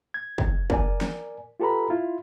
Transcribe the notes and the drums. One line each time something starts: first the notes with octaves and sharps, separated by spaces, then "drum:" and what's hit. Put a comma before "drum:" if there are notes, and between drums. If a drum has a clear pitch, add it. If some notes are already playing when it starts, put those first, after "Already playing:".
G#6
drum: kick
A#4 D5 G#5, drum: kick
drum: snare
F4 G4 A4 B4 A#5 B5
E4 F4